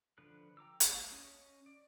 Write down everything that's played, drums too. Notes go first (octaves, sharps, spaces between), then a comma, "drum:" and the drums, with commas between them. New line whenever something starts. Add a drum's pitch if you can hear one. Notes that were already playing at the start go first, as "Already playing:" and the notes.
D3 F3 B4 F#6
G5 A#5 D6 E6
G#3 A#3 G4 C5, drum: hi-hat
C#4 D#5
D5